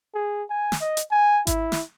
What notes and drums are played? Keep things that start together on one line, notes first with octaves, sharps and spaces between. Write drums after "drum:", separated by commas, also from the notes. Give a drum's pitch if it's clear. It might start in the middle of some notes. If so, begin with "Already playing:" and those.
G#4
G#5
drum: snare
D#5
drum: hi-hat
G#5
E4, drum: kick G#1, hi-hat
drum: snare